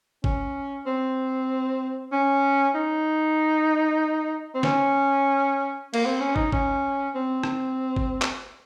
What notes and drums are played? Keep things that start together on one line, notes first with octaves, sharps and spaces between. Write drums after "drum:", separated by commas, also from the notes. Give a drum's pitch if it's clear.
C#4, drum: kick
C4
C#4
D#4
C4
C#4, drum: snare
A#3, drum: cymbal
C4
C#4
D#4, drum: kick
C#4, drum: kick
C4
drum: rim click
drum: kick
drum: clap